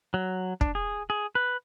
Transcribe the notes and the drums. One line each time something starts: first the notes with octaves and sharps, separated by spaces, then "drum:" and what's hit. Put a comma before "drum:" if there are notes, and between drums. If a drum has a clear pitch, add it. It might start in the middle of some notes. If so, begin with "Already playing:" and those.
F#3
D4, drum: kick
G#4
G#4
B4